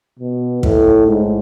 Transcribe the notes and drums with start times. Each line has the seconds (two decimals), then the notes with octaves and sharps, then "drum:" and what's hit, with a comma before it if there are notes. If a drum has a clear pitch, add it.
0.19 B2
0.63 A2, drum: kick
1.07 G#2